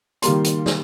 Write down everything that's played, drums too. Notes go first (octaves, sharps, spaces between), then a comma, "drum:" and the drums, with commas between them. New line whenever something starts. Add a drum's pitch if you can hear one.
D#3 G3 A#3 C6, drum: hi-hat
drum: hi-hat
drum: snare